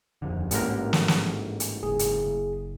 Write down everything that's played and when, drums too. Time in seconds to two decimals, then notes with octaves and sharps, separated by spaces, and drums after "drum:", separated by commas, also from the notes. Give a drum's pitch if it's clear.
0.22 D#1 F2 D3
0.51 A1 G#2 D3 A#3 C#4 A#4, drum: hi-hat
0.93 drum: snare
1.08 drum: snare
1.60 drum: hi-hat
1.83 F#1 G#4
1.99 drum: hi-hat